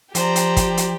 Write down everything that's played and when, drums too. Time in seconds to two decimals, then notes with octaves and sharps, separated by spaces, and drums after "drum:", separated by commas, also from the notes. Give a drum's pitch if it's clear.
0.15 F3 G4 C5 D5 A#5, drum: hi-hat
0.36 drum: hi-hat
0.57 drum: kick, hi-hat
0.77 drum: hi-hat